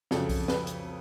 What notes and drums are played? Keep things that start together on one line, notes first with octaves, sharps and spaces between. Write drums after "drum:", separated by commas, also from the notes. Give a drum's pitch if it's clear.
F2 C#3 F#3 A4, drum: snare
drum: kick B1, open hi-hat
B4, drum: snare
drum: hi-hat